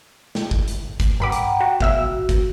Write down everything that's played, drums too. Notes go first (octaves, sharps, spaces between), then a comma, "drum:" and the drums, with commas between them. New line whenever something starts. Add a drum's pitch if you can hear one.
drum: snare
drum: kick
drum: hi-hat
drum: kick, hi-hat
G2 F#5 G5 A#5 B5 D6
drum: hi-hat
F#4
B1 B3 F#4 E5 F5 E6, drum: kick
F#4
drum: kick, hi-hat